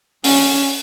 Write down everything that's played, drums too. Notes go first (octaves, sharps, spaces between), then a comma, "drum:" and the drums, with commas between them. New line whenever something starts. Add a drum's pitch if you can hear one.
C#4, drum: open hi-hat